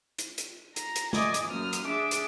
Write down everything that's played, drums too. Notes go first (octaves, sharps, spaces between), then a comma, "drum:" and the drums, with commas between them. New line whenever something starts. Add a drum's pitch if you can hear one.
drum: hi-hat
drum: hi-hat
A#5, drum: hi-hat
drum: hi-hat
D5 D#5 G#5 D6, drum: snare
drum: hi-hat
F#2 A#3 D#6 F6
drum: hi-hat
D4 G#4 E5 D6
drum: hi-hat